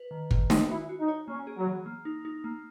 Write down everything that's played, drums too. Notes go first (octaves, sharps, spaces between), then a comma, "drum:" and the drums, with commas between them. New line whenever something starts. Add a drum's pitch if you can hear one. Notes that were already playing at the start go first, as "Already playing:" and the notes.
Already playing: B4
D#3
D#3, drum: kick
G#3, drum: snare
E4 F#4
F#4
D#4
C#5
A#3 C#4
G#4
F#3
E3
A#3
D#4
D#4
A#3